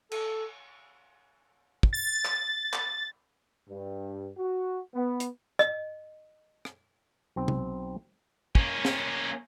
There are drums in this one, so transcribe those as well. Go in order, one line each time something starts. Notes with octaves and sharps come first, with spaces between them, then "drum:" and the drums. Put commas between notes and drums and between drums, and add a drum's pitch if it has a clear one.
A4, drum: cymbal
drum: kick
A6
drum: clap
drum: clap
G2
F#4
B3
drum: hi-hat
D#5, drum: rim click
drum: rim click
B1 C4
drum: tom C3
A#3 C#4, drum: kick
drum: snare